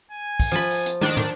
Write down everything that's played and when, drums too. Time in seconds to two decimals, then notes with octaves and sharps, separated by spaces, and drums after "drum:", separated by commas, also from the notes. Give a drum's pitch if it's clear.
0.11 G#5
0.40 drum: kick, open hi-hat
0.52 F3 B5
0.70 drum: open hi-hat
0.86 drum: hi-hat
1.01 D#3 D4 D6, drum: snare
1.17 drum: tom